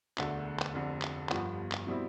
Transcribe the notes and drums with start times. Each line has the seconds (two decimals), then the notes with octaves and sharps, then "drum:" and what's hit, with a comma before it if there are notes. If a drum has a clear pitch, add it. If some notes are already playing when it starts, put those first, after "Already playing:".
0.18 E1 D2 D3 A3, drum: clap
0.60 drum: clap
0.74 F1 F2 D3
1.02 drum: clap
1.29 G1 G2 F3 B3, drum: clap
1.72 drum: clap
1.87 B2 G3 C4 E4